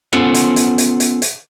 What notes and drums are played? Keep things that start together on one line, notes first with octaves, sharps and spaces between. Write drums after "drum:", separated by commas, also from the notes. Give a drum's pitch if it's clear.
B3 C#4 F4 A4 C5 F#5, drum: rim click
drum: hi-hat
drum: hi-hat
drum: hi-hat
drum: hi-hat
drum: hi-hat